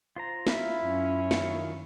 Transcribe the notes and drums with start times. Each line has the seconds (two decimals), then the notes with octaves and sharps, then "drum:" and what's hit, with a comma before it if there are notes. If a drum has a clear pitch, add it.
0.16 F4 C5 A#5
0.47 E4 F4 F5 B5, drum: snare
0.80 F#2 C#4
1.31 D#3 F4 C#6, drum: snare